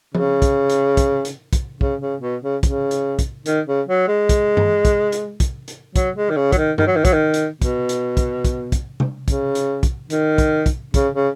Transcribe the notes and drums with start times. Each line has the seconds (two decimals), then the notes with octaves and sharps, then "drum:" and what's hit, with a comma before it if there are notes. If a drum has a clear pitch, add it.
0.15 C#3, drum: tom F3
0.42 drum: kick, hi-hat
0.70 drum: hi-hat
0.97 drum: kick, hi-hat
1.25 drum: hi-hat
1.53 drum: kick, hi-hat
1.81 C#3, drum: kick
2.01 C#3
2.22 B2
2.43 C#3
2.63 C#3, drum: kick, hi-hat
2.91 drum: hi-hat
3.19 drum: kick, hi-hat
3.46 D#3, drum: hi-hat
3.67 C#3
3.88 F#3
4.08 G#3
4.29 drum: kick, hi-hat
4.57 drum: tom G2
4.85 drum: kick, hi-hat
5.12 drum: hi-hat
5.40 drum: kick, hi-hat
5.68 drum: hi-hat
5.96 F#3, drum: kick, hi-hat
6.17 G#3
6.31 D#3
6.37 C#3
6.52 F#3, drum: kick, hi-hat
6.58 D#3
6.78 D#3, drum: tom G2
6.87 F#3
6.96 D#3
7.05 F#3, drum: kick, hi-hat
7.13 D#3
7.34 drum: hi-hat
7.62 B2, drum: kick, hi-hat
7.89 drum: hi-hat
8.17 drum: kick, hi-hat
8.45 drum: kick, hi-hat
8.72 drum: kick, hi-hat
9.00 drum: tom C3
9.28 C#3, drum: kick, hi-hat
9.55 drum: hi-hat
9.83 drum: kick, hi-hat
10.10 D#3, drum: hi-hat
10.38 drum: kick, hi-hat
10.66 drum: kick, hi-hat
10.94 C#3, drum: kick, hi-hat
11.15 C#3